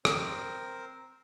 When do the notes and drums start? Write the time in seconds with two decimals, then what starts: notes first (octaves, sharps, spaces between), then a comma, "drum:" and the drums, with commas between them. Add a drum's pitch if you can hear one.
0.05 C4 A#4 C5, drum: rim click